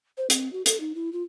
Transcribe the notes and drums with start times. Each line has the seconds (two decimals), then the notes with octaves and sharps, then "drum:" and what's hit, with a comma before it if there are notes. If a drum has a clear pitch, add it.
0.17 C5
0.30 C4, drum: hi-hat
0.53 F#4
0.66 A4, drum: hi-hat
0.80 D#4
0.95 E4
1.13 F4